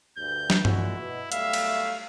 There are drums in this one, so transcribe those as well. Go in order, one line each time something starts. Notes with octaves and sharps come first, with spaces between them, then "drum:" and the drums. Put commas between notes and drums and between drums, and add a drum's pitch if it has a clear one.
D2 G2 G6
drum: snare
A#2 G#3 E4 F#4, drum: tom G2
B2
B1 G3 A3 E5 F5, drum: hi-hat
drum: cymbal